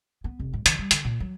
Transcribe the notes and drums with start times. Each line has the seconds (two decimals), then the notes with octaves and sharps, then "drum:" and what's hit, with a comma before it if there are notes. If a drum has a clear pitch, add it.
0.24 B3
0.40 F1
0.53 G#2
0.66 D#3, drum: hi-hat
0.79 G3
0.91 D3, drum: hi-hat
1.05 A#2
1.20 F#3